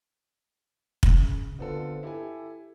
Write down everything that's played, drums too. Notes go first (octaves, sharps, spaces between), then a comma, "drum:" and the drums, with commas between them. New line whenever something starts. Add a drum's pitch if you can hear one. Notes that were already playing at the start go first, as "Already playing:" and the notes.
C#3, drum: kick
D3 B3 C4 F4 A4
E4 G4 A4 G#5